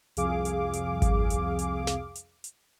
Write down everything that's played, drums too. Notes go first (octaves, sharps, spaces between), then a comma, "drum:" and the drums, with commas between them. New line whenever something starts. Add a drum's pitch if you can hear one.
C2 F2 G#4 F5 D6, drum: hi-hat
drum: hi-hat
drum: hi-hat
drum: kick G#1, hi-hat
drum: hi-hat
drum: hi-hat
drum: snare
drum: hi-hat
drum: hi-hat